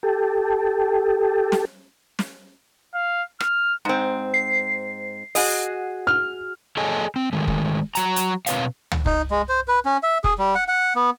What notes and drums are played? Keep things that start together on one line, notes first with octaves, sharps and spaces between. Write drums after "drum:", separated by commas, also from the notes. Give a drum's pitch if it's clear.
G4 A4
drum: snare
drum: snare
F5
F6, drum: rim click
G#2 C4
C7
F#4 G#4 D#5, drum: open hi-hat
F6
G#4 A4 C#5 D#5 G#5 A5
C4
D#3 G#3 A3
drum: kick F1
F#3 A#5, drum: hi-hat
drum: hi-hat
B2 C4 B4 C#5 F5, drum: hi-hat
drum: tom C#2
D#4, drum: kick F1
G#3
C5
B4
C#4
E5
G#4, drum: kick F1
G3
F#5
F#5
B3